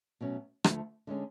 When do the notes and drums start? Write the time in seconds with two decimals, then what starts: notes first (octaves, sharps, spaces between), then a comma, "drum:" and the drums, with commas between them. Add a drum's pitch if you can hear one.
0.21 B2 F#3 A3 C#4
0.64 D2 D3 F3 A3, drum: rim click
1.07 D3 G#3 C#4 G#4